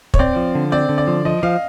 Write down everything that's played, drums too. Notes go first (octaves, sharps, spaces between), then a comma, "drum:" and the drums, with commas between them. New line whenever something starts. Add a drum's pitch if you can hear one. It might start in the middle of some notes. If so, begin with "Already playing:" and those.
C#5, drum: kick
C4 D5
F3
D3
C4 D5
D3
D5
F3
F3 D#5
F3 F5